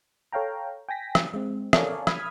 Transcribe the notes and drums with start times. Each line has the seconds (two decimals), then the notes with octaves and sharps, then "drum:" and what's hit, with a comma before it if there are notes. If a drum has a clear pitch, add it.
0.32 A4 C#5 F5 G5 A#5
0.89 G5 G#5 A#6 B6
1.15 drum: rim click
1.34 G#3 C4
1.73 A4 A#4 C#5 D5 F5 G#5, drum: rim click
2.07 B5 D#6 F6 G#6 B6, drum: rim click